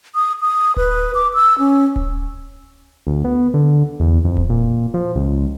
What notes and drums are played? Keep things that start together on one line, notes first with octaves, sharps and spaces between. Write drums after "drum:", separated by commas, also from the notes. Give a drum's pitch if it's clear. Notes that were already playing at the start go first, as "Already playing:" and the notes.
D#6
D#6
B4, drum: kick D1
D6
E6
C#4
drum: kick D1
D2
B3
D3
E2
F2
drum: kick D1
A#2
F3
C#2